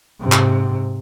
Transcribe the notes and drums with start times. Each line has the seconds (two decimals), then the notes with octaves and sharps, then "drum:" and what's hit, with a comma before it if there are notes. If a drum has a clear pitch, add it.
0.21 G#2 C3
0.32 drum: clap